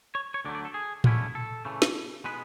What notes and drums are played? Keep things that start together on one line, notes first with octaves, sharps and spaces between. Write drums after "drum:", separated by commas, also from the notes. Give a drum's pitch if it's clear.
C#5
C#5
D2 D3 F#3 A3 D5
D5
A4
G#4
E2 D3 A3 C#4 E4, drum: tom A2
A4
C#3 E3 A3
drum: snare
B2 G#3 B3 B4